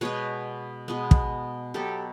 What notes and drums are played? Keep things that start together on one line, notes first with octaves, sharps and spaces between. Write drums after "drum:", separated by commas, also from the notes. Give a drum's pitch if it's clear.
B2 G#3 B3 B4 C#5
B2 G#3 B3
drum: kick
B2 F#3 B3 G4 A4